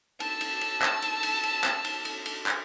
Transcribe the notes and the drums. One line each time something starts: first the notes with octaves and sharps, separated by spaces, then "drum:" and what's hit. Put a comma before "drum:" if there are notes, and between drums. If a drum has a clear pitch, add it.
A5 E6, drum: cymbal
drum: cymbal
drum: cymbal
drum: clap
drum: cymbal
drum: cymbal
drum: cymbal
drum: clap
drum: cymbal
drum: cymbal
drum: cymbal
drum: clap